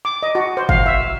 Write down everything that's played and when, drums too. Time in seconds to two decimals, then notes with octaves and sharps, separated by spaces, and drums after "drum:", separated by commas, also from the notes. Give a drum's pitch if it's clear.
0.05 D6
0.23 D#5
0.35 F#4
0.57 C5
0.69 F5, drum: kick
0.86 E5